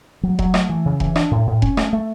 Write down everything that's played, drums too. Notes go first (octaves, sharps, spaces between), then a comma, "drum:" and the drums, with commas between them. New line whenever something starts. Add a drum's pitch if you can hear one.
F#3
F#3, drum: kick F1
A3, drum: rim click
E3
C#3
E3, drum: kick F1
D4, drum: rim click
A2
A2
C#4, drum: kick F1
A3, drum: rim click
A3